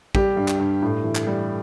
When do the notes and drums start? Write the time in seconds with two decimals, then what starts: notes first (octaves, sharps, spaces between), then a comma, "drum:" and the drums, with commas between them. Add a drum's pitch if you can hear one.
0.15 G3 G4, drum: kick
0.37 G2
0.48 drum: clap
0.59 G2
0.82 A2
1.04 E3
1.15 drum: clap
1.27 G3